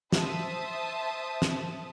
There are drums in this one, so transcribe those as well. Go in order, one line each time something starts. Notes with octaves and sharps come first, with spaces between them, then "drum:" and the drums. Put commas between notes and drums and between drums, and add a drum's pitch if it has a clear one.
C5 E5 A5 D#6, drum: snare
drum: snare